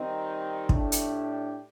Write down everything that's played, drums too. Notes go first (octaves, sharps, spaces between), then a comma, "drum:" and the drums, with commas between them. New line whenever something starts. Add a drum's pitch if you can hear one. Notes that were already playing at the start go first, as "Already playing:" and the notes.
Already playing: D#3 G3 C4 D#4
A2 A3 D4 G4, drum: kick
drum: hi-hat